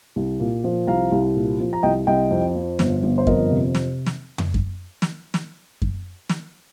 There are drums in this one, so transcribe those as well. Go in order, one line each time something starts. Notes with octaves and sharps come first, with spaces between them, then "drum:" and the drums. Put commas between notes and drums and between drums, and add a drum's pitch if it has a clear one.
C2
A#2
F3
C2 F5 A#5
C2
A#2
F3
A#5
C2 D#5 G5
C2 D#5 G5
F2
F3
G1, drum: snare
G1
C5
F2 A#4 D#5, drum: kick F#2
C3
drum: snare
drum: snare
drum: tom F2
drum: kick F#2
drum: snare
drum: snare
drum: kick F#2
drum: snare